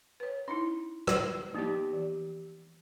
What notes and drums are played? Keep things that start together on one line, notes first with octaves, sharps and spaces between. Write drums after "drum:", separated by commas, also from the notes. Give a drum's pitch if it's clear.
B4 C#5
C#4 D#4 E4 C6
drum: rim click
F3 A#3 B3 D#4 G4
E3